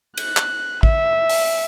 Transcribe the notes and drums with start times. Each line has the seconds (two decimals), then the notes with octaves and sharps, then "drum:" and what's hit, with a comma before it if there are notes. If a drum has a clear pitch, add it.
0.17 F#6, drum: cymbal
0.37 drum: clap
0.83 E5, drum: kick A1
1.29 drum: open hi-hat